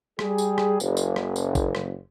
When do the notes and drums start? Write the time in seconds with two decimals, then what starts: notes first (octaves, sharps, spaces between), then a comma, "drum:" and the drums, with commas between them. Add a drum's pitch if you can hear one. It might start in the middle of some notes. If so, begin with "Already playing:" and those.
0.19 G3 G#4, drum: rim click
0.38 drum: tambourine
0.58 drum: rim click
0.80 F#1, drum: tambourine
0.97 drum: tambourine
1.16 drum: rim click
1.36 drum: tambourine
1.55 drum: kick G#1, tambourine
1.75 drum: rim click